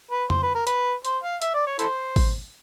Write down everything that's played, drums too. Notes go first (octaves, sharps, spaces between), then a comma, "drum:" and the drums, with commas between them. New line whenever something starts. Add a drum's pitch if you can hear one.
B4
C5, drum: tom F2
B4
A#4
B4, drum: hi-hat
C5, drum: hi-hat
F5
E5, drum: hi-hat
D5
C#5
E4 A4 C5, drum: hi-hat
drum: kick G#1, open hi-hat